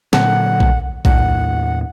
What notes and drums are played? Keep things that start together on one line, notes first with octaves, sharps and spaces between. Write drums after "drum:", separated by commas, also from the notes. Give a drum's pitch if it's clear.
A#2 D3 F#3 F#5, drum: snare
drum: kick
D#2 A2 F#5, drum: kick